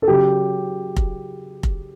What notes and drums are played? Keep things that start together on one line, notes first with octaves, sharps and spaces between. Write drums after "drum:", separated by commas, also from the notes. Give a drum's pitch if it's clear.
A4
C#3 F#3 G4
drum: kick F1
drum: kick F1